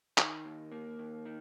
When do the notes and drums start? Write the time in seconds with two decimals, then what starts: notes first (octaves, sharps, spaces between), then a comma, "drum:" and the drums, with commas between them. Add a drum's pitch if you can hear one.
0.18 D#3, drum: clap
0.45 D#2
0.72 A#3
0.99 D#2
1.25 D#3